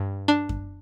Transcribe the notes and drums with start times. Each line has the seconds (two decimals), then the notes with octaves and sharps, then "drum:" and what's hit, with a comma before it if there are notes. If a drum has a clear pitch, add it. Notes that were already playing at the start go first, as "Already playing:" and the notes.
Already playing: G2
0.28 D4
0.49 drum: kick F#2